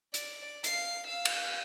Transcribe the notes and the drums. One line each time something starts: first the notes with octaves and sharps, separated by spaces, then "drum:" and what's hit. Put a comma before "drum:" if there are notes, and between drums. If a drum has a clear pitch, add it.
D5, drum: hi-hat
F5 C7, drum: hi-hat
F5 E6
drum: cymbal